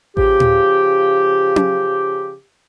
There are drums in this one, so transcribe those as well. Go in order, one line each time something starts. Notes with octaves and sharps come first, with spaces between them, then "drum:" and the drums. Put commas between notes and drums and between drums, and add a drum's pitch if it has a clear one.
C#3 F3 G4, drum: kick A1
drum: tom A2
drum: tom C#4